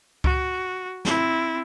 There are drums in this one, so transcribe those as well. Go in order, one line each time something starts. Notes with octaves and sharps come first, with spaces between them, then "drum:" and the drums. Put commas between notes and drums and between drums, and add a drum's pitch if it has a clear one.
F#4, drum: kick C#2
C4 E4, drum: snare